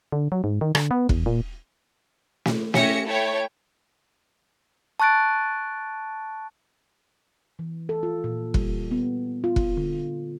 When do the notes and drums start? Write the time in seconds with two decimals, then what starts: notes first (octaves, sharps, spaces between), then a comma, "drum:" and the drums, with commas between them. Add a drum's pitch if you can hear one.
0.12 D3
0.32 F#3
0.44 G#2
0.61 D#3
0.75 D3, drum: rim click
0.91 B3
1.09 E2, drum: kick F1
1.26 A#2
2.45 drum: snare
2.74 C#4 G4 E5 A#6 C#7, drum: snare
3.06 A3 E4 C#5 G5
5.00 A5 C#6 F#6 A6 D7
7.59 E3
7.89 A4
8.03 F4
8.24 A#2
8.54 G3, drum: kick F1
8.91 B3
9.44 F4
9.56 drum: kick F1
9.77 D3